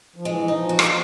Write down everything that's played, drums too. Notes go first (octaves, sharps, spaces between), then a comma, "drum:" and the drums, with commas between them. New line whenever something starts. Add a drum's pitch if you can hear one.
F3
E3 G#3
D#4
F3
F#4
drum: rim click